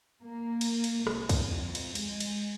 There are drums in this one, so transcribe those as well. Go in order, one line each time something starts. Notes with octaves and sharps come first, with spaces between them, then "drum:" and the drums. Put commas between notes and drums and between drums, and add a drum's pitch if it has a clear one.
A#3
drum: cymbal
drum: cymbal
C2, drum: rim click
drum: kick, cymbal
F2
drum: cymbal
G#3, drum: cymbal
drum: cymbal